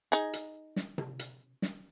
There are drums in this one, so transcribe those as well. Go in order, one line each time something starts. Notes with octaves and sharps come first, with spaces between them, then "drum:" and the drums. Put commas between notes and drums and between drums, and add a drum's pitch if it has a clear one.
D#4 G#4
drum: hi-hat
drum: snare
drum: tom C3
drum: hi-hat
drum: snare